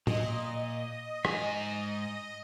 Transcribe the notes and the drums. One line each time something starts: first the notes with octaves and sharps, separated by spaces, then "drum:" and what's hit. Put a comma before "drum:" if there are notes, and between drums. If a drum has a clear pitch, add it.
A#2 D#5, drum: tom A2
G#2 G#5, drum: rim click